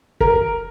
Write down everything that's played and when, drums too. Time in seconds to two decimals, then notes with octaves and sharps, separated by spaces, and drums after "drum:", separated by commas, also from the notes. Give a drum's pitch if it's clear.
0.21 A#4, drum: kick